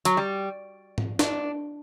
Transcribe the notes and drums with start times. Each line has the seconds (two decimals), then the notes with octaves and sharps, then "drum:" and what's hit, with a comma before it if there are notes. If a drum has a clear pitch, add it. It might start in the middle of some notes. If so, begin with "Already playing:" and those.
0.05 F#3, drum: hi-hat
0.17 G3
0.98 drum: tom G#2
1.19 D4, drum: snare